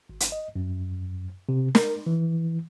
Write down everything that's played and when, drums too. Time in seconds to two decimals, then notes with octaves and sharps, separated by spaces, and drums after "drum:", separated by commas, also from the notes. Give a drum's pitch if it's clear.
0.09 G#1
0.20 drum: hi-hat
0.32 D#5
0.56 F#2
1.49 C3
1.75 A#4, drum: snare
2.06 E3